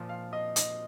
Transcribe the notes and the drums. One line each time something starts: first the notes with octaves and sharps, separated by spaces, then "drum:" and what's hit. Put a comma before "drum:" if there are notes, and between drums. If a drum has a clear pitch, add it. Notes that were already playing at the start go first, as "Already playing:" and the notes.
Already playing: A#2 F3
F5
D#5
D#5, drum: hi-hat